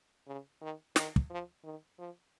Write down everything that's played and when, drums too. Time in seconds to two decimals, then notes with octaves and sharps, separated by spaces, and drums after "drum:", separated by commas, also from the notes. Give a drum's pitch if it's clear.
0.27 C#3
0.61 D#3
0.96 D#3, drum: snare
1.16 drum: kick
1.30 F3
1.64 D#3
1.99 F3